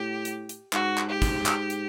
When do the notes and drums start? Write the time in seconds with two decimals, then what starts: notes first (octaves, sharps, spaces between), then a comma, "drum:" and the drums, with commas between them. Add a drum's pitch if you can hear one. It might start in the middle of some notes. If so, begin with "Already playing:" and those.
Already playing: A2 G4
0.25 drum: hi-hat
0.49 drum: hi-hat
0.73 G#2 F#4, drum: clap
0.98 drum: clap
1.10 G4
1.22 drum: kick, hi-hat
1.46 drum: clap
1.70 drum: hi-hat